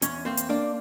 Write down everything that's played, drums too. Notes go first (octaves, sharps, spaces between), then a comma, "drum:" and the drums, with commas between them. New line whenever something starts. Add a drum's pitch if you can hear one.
E2 C#4 C#5, drum: hi-hat
A#3 C4 C5
drum: hi-hat
A#3 D4 D5